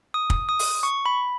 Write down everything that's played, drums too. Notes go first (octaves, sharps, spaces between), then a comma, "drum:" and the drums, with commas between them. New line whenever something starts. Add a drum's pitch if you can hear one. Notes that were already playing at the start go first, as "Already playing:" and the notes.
D#6
drum: kick
D#6
drum: open hi-hat
C#6
B5